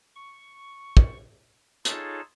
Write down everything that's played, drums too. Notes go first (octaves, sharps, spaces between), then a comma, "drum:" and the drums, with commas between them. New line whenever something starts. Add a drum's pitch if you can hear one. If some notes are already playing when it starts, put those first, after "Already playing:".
C#6
drum: kick
D#4 F4 G#4 A4 C#5 A5, drum: hi-hat